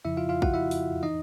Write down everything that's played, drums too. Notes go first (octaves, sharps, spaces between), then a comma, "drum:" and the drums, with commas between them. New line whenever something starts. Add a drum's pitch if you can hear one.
F2 C#3 F3 E4 E5
F4 F5
F4 F5
F#4 F#5, drum: kick
E4 E5
drum: open hi-hat
E3 D#4 D#5